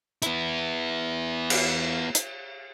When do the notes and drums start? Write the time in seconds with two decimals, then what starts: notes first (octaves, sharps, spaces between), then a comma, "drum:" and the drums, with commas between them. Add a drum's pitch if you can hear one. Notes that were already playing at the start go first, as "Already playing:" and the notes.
0.22 B3 E4, drum: hi-hat
1.50 drum: cymbal
2.15 drum: hi-hat